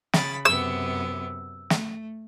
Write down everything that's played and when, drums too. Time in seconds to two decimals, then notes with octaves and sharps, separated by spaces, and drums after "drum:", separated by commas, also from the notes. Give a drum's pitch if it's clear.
0.13 C#3 B5 A6, drum: snare
0.45 F#2 C3 B3 E6
1.70 A3, drum: snare